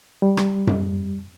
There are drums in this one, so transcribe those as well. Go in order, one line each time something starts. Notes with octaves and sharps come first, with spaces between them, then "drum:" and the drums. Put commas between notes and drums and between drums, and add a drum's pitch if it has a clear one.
G3
drum: rim click
drum: tom F#2